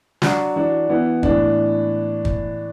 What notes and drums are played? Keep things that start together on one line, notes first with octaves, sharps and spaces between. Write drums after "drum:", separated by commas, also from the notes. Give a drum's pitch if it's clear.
F#3 D4 F#4, drum: snare
E3 D4 F#4
E3 B3 E4
A2 E3 D4, drum: kick
drum: kick